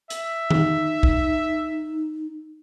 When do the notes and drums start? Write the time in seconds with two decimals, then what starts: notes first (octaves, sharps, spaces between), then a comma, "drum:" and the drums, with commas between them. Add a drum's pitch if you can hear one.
0.10 E5, drum: hi-hat
0.50 D#4, drum: tom D#3
1.03 drum: kick B1